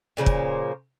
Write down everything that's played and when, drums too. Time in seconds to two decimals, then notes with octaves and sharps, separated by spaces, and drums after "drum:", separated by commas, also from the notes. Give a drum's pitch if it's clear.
0.17 A#2 C#3 F3 A#3
0.26 drum: kick